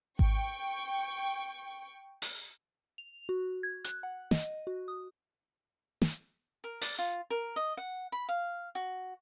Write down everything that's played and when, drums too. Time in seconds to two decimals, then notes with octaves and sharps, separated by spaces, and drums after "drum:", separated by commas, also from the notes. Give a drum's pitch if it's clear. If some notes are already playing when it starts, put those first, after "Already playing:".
0.19 G5 C#6, drum: kick G#1
2.22 drum: open hi-hat
2.98 F7
3.29 F#4
3.63 G#6
3.84 F#6, drum: hi-hat
4.03 F#5
4.31 D#5, drum: snare
4.67 F#4
4.88 D#6
6.02 drum: snare
6.64 A#4
6.81 D5, drum: open hi-hat
6.98 F4
7.30 A#4
7.56 D#5
7.77 F#5
8.12 B5
8.28 F5
8.75 F#4